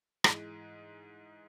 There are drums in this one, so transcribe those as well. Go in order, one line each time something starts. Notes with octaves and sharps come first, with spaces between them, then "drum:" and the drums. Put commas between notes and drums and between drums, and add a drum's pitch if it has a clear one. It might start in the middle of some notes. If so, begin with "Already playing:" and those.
G#2 E3 G#3, drum: rim click